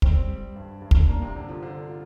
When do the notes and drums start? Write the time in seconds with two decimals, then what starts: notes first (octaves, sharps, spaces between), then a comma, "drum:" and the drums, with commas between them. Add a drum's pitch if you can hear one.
0.02 G3 C4, drum: kick
0.28 G3
0.56 G2
0.82 G2
0.91 drum: kick
1.08 A#3 D4
1.22 C3
1.36 D3 D4
1.48 F3
1.62 D3 C5
1.89 F4